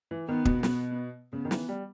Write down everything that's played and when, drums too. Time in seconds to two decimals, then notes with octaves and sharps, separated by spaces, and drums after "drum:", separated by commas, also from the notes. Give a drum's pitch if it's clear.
0.11 E3
0.28 D#3 B3
0.45 B2, drum: kick
0.63 B3, drum: snare
1.33 C#3 B3
1.45 D#3
1.51 E3, drum: snare
1.69 G3